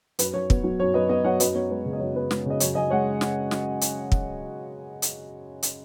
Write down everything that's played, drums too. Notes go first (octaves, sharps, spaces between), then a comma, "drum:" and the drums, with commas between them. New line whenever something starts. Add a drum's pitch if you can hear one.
F#2 B4, drum: hi-hat
F#2 C#5
B3, drum: kick
F#3
F#2 C#5
F#2 B4 D#5
B3 B4 D#5
F#3 C#5 F#5
F#2 B4 D#5, drum: hi-hat
B3 C#5
G#3 B4
C#3
D#5
F#2 C#5
B3 B4
G#3, drum: snare
C#3 D#5
F#2 C#5, drum: hi-hat
F#2 D#5 G#5
G#3 C#5 F#5
drum: snare
drum: snare
drum: hi-hat
drum: kick
drum: hi-hat
drum: hi-hat